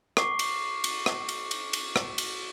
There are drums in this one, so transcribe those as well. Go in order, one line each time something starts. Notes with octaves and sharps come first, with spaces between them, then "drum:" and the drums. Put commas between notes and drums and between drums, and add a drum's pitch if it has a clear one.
C#6 D6 C7, drum: rim click
drum: cymbal
drum: cymbal
drum: rim click
drum: cymbal
drum: cymbal
drum: cymbal
drum: rim click
drum: cymbal